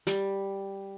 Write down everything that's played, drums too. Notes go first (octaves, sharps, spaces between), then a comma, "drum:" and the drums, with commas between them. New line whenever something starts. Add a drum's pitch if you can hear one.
G3, drum: hi-hat